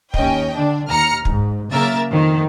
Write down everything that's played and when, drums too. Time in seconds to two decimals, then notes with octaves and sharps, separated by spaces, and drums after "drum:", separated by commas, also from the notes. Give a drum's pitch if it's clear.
0.14 D#2 C#4 D#5 G5, drum: kick
0.54 D3 D4
0.89 D#2 A#5 F6 C#7
1.25 G#2, drum: kick
1.72 C#3 F#3 A#3 A#4 E5 A6
2.11 F2 D#3